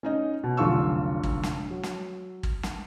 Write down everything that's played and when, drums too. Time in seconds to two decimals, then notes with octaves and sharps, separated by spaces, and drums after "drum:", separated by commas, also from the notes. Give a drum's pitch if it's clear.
0.03 C#4 D#4 D#5
0.43 B2
0.57 F1 B1 D3 F4 C#6 E6
1.23 drum: kick G#1
1.43 drum: snare
1.71 F#3
1.83 drum: snare
2.43 drum: kick G#1
2.63 drum: snare